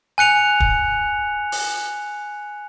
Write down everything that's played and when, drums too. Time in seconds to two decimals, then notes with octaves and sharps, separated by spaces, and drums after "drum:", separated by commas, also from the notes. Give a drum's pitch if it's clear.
0.18 G#5 F#6 C#7 F7
0.60 drum: kick
1.52 drum: open hi-hat